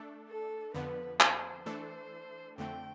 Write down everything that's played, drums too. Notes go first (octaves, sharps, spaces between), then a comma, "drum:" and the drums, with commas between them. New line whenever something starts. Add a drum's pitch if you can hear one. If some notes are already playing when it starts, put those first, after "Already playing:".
Already playing: A3 D4 A4
A4
F2 D3 F3 B3 B4
C5, drum: clap
E3 A3 D4 A4 C5
F2 D3 A3 C4 G5